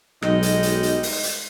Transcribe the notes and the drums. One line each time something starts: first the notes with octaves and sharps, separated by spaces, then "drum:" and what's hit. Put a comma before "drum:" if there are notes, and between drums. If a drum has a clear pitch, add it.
B1 G3 G#3 D#4 D#5, drum: rim click
drum: hi-hat
drum: hi-hat
drum: hi-hat
drum: open hi-hat
drum: hi-hat